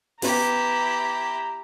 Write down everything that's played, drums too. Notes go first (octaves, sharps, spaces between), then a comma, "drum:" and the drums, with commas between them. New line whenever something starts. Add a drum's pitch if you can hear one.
B3 E4 G4 B4 A#5, drum: open hi-hat